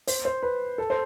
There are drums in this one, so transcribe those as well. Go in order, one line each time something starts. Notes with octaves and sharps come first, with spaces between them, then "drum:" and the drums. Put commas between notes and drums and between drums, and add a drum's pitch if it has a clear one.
C5, drum: open hi-hat
C5
B4
A4
C5